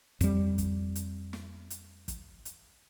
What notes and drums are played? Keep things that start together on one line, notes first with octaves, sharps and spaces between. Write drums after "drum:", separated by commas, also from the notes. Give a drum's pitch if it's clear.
F2 G3, drum: hi-hat
drum: kick, hi-hat
drum: hi-hat
drum: snare
drum: hi-hat
drum: kick, hi-hat
drum: hi-hat